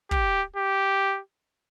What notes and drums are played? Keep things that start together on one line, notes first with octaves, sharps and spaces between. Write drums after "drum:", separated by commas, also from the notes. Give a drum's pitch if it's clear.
G4, drum: kick
G4